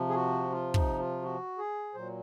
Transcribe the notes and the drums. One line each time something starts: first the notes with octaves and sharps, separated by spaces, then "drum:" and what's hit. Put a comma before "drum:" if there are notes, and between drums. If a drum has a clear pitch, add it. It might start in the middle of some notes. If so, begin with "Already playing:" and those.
Already playing: C3 F3
G#4
F#4
F4
D#4, drum: kick
F4
F#4
G#4
A#2 F#3 C5